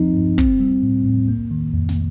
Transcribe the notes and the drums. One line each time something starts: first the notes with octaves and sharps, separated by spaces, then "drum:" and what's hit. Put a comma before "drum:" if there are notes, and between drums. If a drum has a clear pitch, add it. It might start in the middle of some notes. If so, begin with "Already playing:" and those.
Already playing: F3 C4 D#4
G2
C4, drum: kick
G3
A2
A2
A#3
D#3
F2
drum: snare